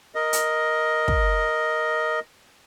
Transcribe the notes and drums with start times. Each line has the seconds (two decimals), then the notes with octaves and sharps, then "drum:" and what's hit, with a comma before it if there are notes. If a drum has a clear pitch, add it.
0.15 A#4 D#5
0.33 drum: hi-hat
1.08 drum: kick